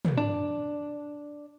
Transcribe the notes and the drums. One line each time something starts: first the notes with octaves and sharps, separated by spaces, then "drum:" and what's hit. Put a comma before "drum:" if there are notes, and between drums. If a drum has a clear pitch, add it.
drum: tom
D4